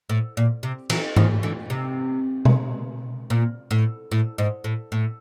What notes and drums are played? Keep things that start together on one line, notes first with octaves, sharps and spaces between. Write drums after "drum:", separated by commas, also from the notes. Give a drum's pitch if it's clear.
A2
A#2
C3
E3 F#3, drum: cymbal
D#3 F3, drum: tom G#2
D3 E3
C3
drum: tom B2
A#2
A2
A2
G#2
A2
A2